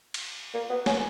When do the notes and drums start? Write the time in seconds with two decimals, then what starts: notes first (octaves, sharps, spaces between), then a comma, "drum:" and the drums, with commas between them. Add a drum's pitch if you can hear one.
0.14 drum: cymbal
0.54 A#3
0.70 B3
0.86 C#4, drum: snare